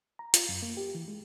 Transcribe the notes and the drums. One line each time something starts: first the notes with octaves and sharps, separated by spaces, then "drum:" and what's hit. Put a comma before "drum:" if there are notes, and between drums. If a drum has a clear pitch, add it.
A#5
F4, drum: hi-hat
F#2
A#3
G4
E3
G#3